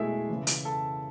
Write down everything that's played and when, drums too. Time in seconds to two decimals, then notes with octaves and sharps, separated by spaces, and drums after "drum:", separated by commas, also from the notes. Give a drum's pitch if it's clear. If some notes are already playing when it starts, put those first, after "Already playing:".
Already playing: B2 F#3 G#3 A3 E4 G#4 A4 E5
0.29 C#3 E3
0.47 drum: hi-hat
0.65 A4 A5